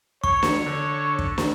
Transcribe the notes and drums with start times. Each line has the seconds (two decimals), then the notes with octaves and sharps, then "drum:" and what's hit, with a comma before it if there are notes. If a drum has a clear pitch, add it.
0.24 C#5 C#6, drum: kick
0.43 drum: snare
0.66 D3
1.19 drum: kick
1.38 drum: snare